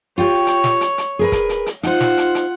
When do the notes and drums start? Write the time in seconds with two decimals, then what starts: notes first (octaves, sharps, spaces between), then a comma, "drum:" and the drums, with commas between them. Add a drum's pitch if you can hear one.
0.18 F4 G4 C#5 G5
0.47 drum: hi-hat
0.64 drum: snare
0.81 drum: hi-hat
0.98 drum: hi-hat
1.19 G#4 A#4 B4
1.32 drum: kick, hi-hat
1.49 drum: hi-hat
1.66 drum: hi-hat
1.83 D#4 F4 C5 F#5, drum: hi-hat
2.00 drum: snare
2.18 drum: hi-hat
2.35 drum: hi-hat